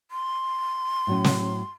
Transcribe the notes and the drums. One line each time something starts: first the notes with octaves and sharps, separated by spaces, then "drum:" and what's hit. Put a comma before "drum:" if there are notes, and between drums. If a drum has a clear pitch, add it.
C6
A2 F#3 C#4
drum: snare